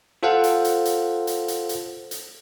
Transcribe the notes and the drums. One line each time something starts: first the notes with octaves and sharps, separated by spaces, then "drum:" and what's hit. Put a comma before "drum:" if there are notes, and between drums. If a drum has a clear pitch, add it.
F4 A4 C5 F5 F#5
drum: hi-hat
drum: hi-hat
drum: hi-hat
drum: hi-hat
drum: hi-hat
drum: hi-hat
drum: hi-hat